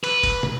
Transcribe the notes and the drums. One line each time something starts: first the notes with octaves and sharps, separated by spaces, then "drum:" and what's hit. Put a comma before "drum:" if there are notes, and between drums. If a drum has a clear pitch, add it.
B4, drum: cymbal
drum: kick, cymbal
drum: tom